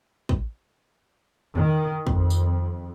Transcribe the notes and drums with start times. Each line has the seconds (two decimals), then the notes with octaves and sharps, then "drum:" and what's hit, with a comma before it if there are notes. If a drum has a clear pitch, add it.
0.29 drum: kick
1.55 D#3, drum: tom E2
2.07 F2, drum: kick
2.30 drum: tambourine